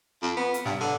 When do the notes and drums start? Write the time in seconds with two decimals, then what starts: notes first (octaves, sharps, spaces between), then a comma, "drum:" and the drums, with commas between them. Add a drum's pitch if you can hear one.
0.22 F2
0.37 B3
0.54 drum: hi-hat
0.65 G2, drum: snare
0.81 D3, drum: snare